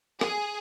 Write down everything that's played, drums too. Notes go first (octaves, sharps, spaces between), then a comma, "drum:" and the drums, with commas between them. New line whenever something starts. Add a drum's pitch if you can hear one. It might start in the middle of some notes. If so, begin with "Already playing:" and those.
G#4, drum: rim click